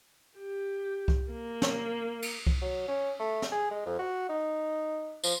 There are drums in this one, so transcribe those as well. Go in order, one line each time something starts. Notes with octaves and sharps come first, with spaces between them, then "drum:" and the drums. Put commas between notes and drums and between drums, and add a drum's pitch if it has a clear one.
G4
drum: kick C2
A#3
drum: snare
drum: cymbal
drum: kick C2
F#3
C#4
A3
drum: snare
G#4
G#3
F2
F#4
D#4
F3, drum: tambourine